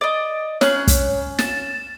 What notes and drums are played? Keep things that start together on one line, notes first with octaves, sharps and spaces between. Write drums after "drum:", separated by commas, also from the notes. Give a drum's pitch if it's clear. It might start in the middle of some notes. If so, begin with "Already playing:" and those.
D5 D#5
C#4 C#5 F#6, drum: snare
drum: kick, hi-hat
A6 E7, drum: snare